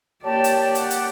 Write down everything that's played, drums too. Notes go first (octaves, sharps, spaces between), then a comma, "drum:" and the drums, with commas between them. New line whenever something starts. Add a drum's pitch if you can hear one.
A#3 G4 C#5 D5 A5
drum: hi-hat
F#5, drum: hi-hat
drum: hi-hat